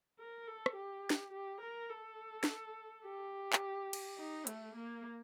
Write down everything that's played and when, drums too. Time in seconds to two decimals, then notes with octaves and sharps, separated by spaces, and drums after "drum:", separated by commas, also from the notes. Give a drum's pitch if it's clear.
0.19 A#4
0.47 A4
0.66 drum: rim click
0.76 G4
1.10 drum: snare
1.33 G4
1.61 A#4
1.90 A4
2.44 drum: snare
3.04 G4
3.53 drum: clap
3.93 drum: cymbal
4.18 D#4
4.47 A3, drum: hi-hat
4.75 A#3